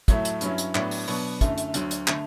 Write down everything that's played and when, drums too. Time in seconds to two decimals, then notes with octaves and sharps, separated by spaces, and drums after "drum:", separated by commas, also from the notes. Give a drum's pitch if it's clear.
0.08 A2 F#3 A3 E4, drum: kick, hi-hat
0.25 drum: hi-hat
0.41 G2 F#3 C#4 E4, drum: hi-hat
0.58 drum: hi-hat
0.75 A2 F#3 B3 D4, drum: clap
0.91 drum: open hi-hat
1.08 B2 F#3 B3 D4, drum: open hi-hat
1.41 F#2 D3 A3 E4, drum: kick, hi-hat
1.58 drum: hi-hat
1.74 D2 D3 F#3, drum: hi-hat
1.91 drum: hi-hat
2.07 D3 A3, drum: clap